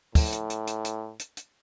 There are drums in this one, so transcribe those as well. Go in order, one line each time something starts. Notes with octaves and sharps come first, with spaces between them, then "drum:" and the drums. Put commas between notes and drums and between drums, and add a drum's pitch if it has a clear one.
A2, drum: kick, open hi-hat
drum: hi-hat
drum: hi-hat
drum: hi-hat
drum: hi-hat
drum: hi-hat
drum: hi-hat